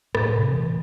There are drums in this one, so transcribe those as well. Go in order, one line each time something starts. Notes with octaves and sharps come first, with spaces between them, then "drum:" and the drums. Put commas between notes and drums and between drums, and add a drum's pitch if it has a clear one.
A2, drum: rim click
C3
A#2 E3